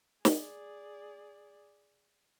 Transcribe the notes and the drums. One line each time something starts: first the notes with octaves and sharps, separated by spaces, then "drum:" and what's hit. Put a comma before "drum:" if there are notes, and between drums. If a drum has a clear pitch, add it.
G#4 D5, drum: snare